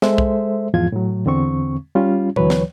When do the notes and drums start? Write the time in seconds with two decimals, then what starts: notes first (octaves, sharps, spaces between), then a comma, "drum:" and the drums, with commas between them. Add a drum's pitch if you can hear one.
0.02 G#3 A4 C5 E5, drum: snare
0.18 drum: kick
0.74 E2 G#2 F3 F4 G#6
0.92 A2 F#3
1.25 E2 D3 C4 C#6
1.95 G3 C#4 F4
2.36 D2 E3 F#3 B4 C#5, drum: tom A#2
2.50 drum: snare